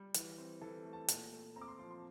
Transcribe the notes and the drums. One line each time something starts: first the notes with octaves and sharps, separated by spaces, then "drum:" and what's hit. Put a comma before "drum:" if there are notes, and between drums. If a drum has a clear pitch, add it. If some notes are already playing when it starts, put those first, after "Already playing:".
Already playing: G3
E3, drum: hi-hat
C4
E3 A4
A3
A5
A#2, drum: hi-hat
A3
C4 A#5
D6
C6
F3 C6
C6